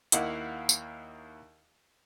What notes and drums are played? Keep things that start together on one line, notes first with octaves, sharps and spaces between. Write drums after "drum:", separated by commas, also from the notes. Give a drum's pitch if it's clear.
D#2 A#3 E4 D#5 F5 F#5, drum: hi-hat
drum: tambourine